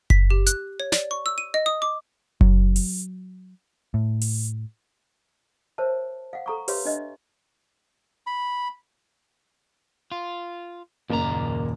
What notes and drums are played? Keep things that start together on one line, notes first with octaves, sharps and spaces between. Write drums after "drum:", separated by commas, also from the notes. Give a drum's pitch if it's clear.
B6, drum: kick F#1
G4
F#6, drum: hi-hat
C#5
D5, drum: snare
C#6
E6
D#7
D#5
D#6
D6
F#3, drum: kick F#1
drum: open hi-hat
A2
drum: open hi-hat
A#4 C5 C#5 E5 A5
F5 F#5
A4 A#5 C#6
G4 B4 C#5 E5 F5 C6, drum: open hi-hat
D4 D#5 E5
B5
F4
F#1 D#2 A#2 A#3 A#5